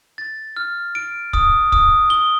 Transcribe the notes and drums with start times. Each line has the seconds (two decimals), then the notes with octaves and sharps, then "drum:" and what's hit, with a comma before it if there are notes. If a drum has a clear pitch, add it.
0.18 A6
0.57 F6
0.95 D7
1.33 D#6, drum: kick
1.72 D#6, drum: kick
2.10 G7